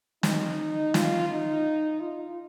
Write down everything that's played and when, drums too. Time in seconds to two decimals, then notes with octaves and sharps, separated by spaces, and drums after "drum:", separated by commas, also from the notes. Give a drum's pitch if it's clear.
0.23 D#4, drum: snare
0.94 F4, drum: snare
1.29 D#4
2.00 F4